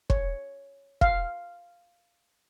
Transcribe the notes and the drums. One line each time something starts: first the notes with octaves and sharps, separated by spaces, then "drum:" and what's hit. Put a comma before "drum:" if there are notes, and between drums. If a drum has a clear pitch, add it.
C#5, drum: kick
F5, drum: kick